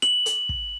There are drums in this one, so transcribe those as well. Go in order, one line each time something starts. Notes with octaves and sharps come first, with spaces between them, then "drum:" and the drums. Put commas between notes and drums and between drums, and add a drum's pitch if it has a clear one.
F#7, drum: rim click
drum: hi-hat
drum: kick